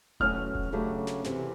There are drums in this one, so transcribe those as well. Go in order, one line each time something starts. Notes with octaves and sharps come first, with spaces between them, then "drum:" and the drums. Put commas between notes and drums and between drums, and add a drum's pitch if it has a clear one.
B2 F#3 A3 C#4 F#4 F6, drum: kick E1
drum: kick E1
C#3 F#3 A3 D4 G4
drum: snare
E2 C3 E3, drum: snare